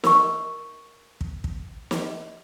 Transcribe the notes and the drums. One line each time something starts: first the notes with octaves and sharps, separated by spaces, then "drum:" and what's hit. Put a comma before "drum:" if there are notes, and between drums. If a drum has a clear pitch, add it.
A#4 C#6, drum: snare
drum: kick
drum: kick
drum: snare